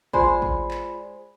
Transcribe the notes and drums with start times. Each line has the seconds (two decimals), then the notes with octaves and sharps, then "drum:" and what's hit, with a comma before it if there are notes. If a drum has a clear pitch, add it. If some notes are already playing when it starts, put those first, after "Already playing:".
0.13 G#3 F4 C5 D5 B5, drum: kick A1
0.42 drum: kick A1
0.71 drum: clap